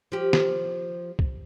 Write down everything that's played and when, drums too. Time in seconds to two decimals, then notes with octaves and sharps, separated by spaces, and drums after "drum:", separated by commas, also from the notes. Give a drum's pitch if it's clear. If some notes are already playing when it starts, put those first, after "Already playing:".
0.12 F3 G4
0.33 drum: snare
1.19 drum: kick